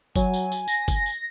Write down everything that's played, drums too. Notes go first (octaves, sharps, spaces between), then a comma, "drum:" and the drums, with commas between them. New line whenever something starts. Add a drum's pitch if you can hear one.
F#3 G#5, drum: kick, tambourine
drum: tambourine
drum: tambourine
A#6, drum: tambourine
drum: kick, tambourine
drum: tambourine